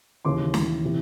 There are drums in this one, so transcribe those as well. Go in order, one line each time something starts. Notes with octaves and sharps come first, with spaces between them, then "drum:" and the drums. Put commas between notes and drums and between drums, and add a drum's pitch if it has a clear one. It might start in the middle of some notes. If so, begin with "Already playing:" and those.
D#2 C#3 E3 C6 D6
D#2 C#3 E3, drum: snare
C3 E3